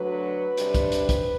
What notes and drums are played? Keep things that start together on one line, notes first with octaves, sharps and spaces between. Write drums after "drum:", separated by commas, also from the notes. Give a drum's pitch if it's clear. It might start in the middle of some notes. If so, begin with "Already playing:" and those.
Already playing: D2 D3 F#3 B4
C3 G3 D4, drum: hi-hat
drum: kick, hi-hat
drum: hi-hat
drum: kick, hi-hat